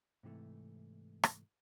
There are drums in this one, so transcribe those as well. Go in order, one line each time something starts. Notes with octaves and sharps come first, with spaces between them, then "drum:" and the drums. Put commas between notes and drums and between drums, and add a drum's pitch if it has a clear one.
G#2 C3 E3 G3 A3
drum: rim click